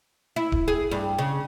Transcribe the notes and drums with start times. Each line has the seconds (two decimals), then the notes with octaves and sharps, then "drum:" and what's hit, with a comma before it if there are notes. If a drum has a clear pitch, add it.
0.36 E4
0.52 drum: kick D1
0.68 G#4
0.91 G2
1.19 C#3